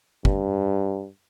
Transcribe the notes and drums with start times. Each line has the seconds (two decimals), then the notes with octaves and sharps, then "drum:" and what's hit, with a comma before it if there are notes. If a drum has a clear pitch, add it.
0.25 G2, drum: kick